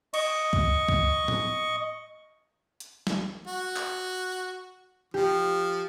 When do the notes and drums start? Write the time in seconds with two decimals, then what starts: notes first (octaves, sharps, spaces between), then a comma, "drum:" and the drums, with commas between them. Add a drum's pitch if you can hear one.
0.14 D#5 C#6, drum: cymbal
0.53 drum: kick C#2
0.89 drum: kick C#2
1.28 drum: tom A2
2.80 drum: hi-hat
3.07 drum: snare
3.48 F#4
3.76 drum: clap
5.14 F3 G4